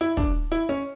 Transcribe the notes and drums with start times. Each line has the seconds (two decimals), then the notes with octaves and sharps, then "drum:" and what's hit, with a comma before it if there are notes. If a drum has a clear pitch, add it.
0.01 E4
0.17 D4, drum: kick
0.52 E4
0.69 C#4